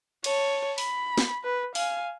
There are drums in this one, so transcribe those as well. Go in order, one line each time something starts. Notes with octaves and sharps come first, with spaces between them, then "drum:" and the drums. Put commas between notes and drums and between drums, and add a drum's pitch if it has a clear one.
C#5 A5, drum: cymbal
B5, drum: open hi-hat
drum: snare
B4
F5 G#5, drum: open hi-hat